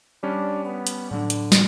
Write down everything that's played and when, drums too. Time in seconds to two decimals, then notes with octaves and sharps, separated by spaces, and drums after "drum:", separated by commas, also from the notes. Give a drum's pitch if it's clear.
0.23 G3 C#4 D4
0.65 B3 B5
0.87 drum: hi-hat
1.11 A2 D3 F#3 D4
1.30 drum: hi-hat
1.52 drum: snare